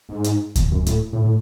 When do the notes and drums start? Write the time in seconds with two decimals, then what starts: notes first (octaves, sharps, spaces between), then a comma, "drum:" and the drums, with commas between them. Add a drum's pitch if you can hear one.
0.09 G#2
0.24 drum: hi-hat
0.55 drum: kick D2, hi-hat
0.71 F#2
0.86 A2, drum: hi-hat
1.13 A2
1.24 A2